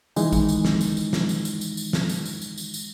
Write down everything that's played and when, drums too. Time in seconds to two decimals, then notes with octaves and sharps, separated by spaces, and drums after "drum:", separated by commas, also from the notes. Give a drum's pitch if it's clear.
0.16 D#3 E3 G#3 D#4, drum: tambourine
0.32 drum: kick A#1, tambourine
0.49 drum: tambourine
0.65 drum: snare
0.81 drum: tambourine
0.97 drum: tambourine
1.13 drum: snare
1.29 drum: tambourine
1.45 drum: tambourine
1.61 drum: tambourine
1.77 drum: tambourine
1.93 drum: snare
2.09 drum: tambourine
2.25 drum: tambourine
2.42 drum: tambourine
2.58 drum: tambourine
2.74 drum: tambourine